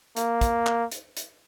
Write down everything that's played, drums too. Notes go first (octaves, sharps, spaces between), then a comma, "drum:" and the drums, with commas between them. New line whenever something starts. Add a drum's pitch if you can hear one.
A#3, drum: hi-hat
drum: kick, hi-hat
drum: clap
drum: hi-hat
drum: hi-hat